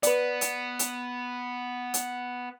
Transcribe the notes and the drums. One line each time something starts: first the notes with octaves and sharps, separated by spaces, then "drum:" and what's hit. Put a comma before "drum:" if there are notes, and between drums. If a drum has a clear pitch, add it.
B3 B4 D5, drum: hi-hat
drum: hi-hat
drum: hi-hat
drum: hi-hat